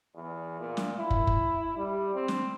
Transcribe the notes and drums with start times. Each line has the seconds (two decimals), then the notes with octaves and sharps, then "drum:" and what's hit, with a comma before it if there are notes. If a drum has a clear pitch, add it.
0.15 E2
0.60 A#2
0.77 drum: snare
0.98 E4
1.11 drum: kick
1.27 drum: kick
1.77 G3
2.15 C4
2.28 drum: snare